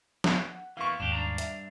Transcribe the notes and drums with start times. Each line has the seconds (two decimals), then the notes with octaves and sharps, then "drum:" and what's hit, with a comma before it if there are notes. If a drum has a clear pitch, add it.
0.24 F#5, drum: snare
0.77 E3 A#3 B3 F5 C#6
1.00 D#2 G#2 D4 G4
1.13 G2 D4 A#5
1.38 E5, drum: hi-hat